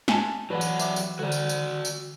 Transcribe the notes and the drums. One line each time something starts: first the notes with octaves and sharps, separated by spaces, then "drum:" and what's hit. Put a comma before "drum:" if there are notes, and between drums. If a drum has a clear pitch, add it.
G#5 A5, drum: snare
E3 F#3 B4 D5 F#5
drum: tambourine
E5 D6, drum: tambourine
drum: tambourine
D3 G3 F#4 A4 D5
drum: tambourine
drum: tambourine
drum: tambourine